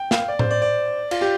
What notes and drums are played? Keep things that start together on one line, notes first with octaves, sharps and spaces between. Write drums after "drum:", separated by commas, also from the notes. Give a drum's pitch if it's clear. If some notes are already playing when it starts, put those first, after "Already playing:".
Already playing: G5
F5, drum: snare
D5
C5, drum: tom A2
D5
D5
F4, drum: cymbal
G4